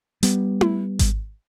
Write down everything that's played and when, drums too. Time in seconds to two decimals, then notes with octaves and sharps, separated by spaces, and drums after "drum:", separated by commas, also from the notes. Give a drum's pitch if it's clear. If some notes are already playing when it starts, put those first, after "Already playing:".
0.23 G3 B3, drum: hi-hat
0.61 drum: tom E4
0.99 drum: kick G#1, hi-hat